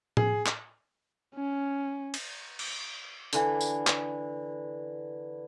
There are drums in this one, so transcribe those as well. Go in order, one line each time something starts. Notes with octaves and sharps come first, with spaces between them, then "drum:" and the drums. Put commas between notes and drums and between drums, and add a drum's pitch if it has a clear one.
G#4, drum: tom A2
drum: clap
C#4
drum: cymbal
drum: cymbal
D3 E3, drum: hi-hat
drum: tambourine
drum: clap